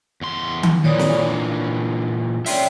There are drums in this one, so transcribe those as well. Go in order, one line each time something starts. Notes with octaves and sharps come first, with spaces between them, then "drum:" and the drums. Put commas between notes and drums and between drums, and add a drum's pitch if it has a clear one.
E2 C6
drum: tom D#3
A#2 E3 C#5 D5 D#6
drum: snare
D4
C#5 D5 E5 G5 C6, drum: open hi-hat